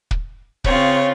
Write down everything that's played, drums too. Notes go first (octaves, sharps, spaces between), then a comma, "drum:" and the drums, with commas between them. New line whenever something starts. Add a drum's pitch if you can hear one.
drum: kick
C#3 C4 F4 C#5, drum: kick